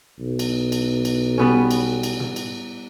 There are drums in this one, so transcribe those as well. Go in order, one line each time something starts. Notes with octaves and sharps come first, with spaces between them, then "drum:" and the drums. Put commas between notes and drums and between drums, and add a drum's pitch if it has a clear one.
B1
drum: cymbal
drum: cymbal
drum: cymbal
G3 B3 C#4
drum: cymbal
drum: cymbal
drum: tom
drum: cymbal